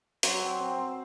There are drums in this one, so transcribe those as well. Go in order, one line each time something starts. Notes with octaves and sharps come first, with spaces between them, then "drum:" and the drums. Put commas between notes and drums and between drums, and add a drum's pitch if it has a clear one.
F#3 C5, drum: hi-hat
C4
C4
C4